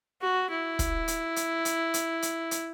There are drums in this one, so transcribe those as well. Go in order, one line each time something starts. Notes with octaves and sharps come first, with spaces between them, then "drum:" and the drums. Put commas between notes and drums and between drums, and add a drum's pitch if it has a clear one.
F#4
E4
drum: kick, hi-hat
drum: hi-hat
drum: hi-hat
drum: hi-hat
drum: hi-hat
drum: hi-hat
drum: hi-hat